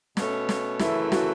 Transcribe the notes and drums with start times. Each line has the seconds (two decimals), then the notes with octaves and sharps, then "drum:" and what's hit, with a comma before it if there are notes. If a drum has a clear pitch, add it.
0.17 B2 A3 C#4, drum: snare
0.49 drum: snare
0.79 F#2 C#3 E3 A3 E4, drum: snare
1.12 F#4, drum: snare